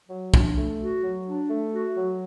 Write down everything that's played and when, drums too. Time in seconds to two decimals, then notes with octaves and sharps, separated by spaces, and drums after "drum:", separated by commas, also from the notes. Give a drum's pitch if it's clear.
0.09 F#3
0.34 D4, drum: kick
0.56 A3
0.80 F#4
1.03 F#3
1.26 D4
1.49 A3
1.73 F#4
1.97 F#3